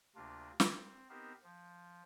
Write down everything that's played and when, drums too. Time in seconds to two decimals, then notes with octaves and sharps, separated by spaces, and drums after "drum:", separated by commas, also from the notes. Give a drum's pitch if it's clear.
0.16 D2 C3 A#3 D4 F4
0.60 C4, drum: snare
1.10 B3 C4 D#4 G4 A#4 C5
1.43 F3